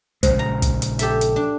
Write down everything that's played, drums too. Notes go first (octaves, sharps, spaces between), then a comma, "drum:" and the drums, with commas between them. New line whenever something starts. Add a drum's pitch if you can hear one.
A#1 C#3 G#3 C5, drum: kick, hi-hat
A#5
drum: kick, hi-hat
drum: hi-hat
G4 A4 E5, drum: hi-hat
drum: hi-hat
D4